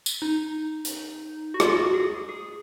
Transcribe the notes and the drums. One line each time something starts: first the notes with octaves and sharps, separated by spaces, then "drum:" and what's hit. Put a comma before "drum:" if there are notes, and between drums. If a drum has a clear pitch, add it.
drum: tambourine
D#4
drum: hi-hat
F#4
F4, drum: rim click
F#4
G#4
G#4